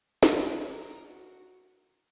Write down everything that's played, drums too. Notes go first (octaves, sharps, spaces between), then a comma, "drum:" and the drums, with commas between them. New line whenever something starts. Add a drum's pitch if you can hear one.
drum: snare
B4
A#4
F#4